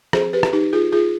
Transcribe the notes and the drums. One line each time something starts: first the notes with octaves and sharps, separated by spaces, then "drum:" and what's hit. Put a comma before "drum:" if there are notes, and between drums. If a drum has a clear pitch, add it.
F3 C4 G#4 C5, drum: rim click
G4 B4
drum: rim click
D#4 G4
F4 G#4
F4 G#4